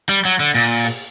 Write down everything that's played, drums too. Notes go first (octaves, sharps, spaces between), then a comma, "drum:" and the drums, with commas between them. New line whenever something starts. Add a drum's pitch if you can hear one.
G3
F#3, drum: hi-hat
D3
A#2, drum: hi-hat
drum: open hi-hat